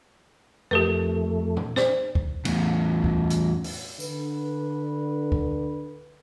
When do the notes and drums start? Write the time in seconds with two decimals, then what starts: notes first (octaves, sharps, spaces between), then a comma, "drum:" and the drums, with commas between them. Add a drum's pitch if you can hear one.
0.71 F2 A3 G4 A#4 B4
1.57 drum: tom A#2
1.76 C5 D5, drum: snare
2.15 drum: kick
2.45 E2 A2, drum: cymbal
3.04 drum: kick
3.30 drum: hi-hat
3.64 drum: open hi-hat
4.00 D3 B4, drum: tambourine
5.32 drum: kick